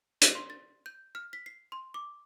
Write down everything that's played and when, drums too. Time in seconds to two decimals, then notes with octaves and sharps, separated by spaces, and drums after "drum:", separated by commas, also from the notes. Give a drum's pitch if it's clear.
0.21 D5, drum: hi-hat
0.35 C6
0.50 A6
0.86 G6
1.15 F6
1.33 B6
1.46 C7
1.72 C6
1.94 D6